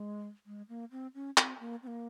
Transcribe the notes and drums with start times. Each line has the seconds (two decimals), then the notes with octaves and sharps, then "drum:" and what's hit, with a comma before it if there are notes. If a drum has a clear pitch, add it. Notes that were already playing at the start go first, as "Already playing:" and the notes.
Already playing: G#3
0.46 G#3
0.69 A#3
0.91 C4
1.14 C#4
1.37 C4, drum: clap
1.60 A#3
1.83 C4
1.87 A#3